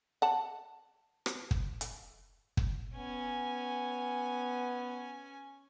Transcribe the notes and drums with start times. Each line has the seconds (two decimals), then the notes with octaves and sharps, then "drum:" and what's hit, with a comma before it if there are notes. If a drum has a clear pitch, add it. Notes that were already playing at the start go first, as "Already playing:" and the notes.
0.22 F#5 A5
1.26 drum: rim click
1.51 drum: kick
1.81 drum: hi-hat
2.57 drum: kick
2.95 B3 C#4 G#5